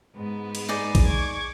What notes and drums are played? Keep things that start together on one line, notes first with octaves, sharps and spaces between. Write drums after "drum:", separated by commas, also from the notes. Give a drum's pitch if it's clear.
G#2 B3
drum: cymbal
D#4 G#4 D5
drum: kick A#1, cymbal
C#6 D6 G#6